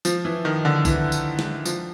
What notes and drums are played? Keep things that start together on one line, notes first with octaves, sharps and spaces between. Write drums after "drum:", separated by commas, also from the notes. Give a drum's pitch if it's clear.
F3, drum: tambourine
E3
D#3
D3
E3, drum: kick, tambourine
drum: tambourine
drum: snare
F3, drum: tambourine